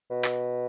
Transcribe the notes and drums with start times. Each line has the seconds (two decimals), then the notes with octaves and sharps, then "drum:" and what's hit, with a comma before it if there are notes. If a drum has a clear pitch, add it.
0.10 B2
0.25 drum: clap